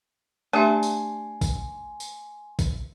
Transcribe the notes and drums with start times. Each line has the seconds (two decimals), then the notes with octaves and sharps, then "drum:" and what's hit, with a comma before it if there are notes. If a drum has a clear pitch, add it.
0.53 A3 D4 G4 E5 G#5 C6
0.83 drum: tambourine
1.41 drum: kick, tambourine
2.00 drum: tambourine
2.59 drum: kick, tambourine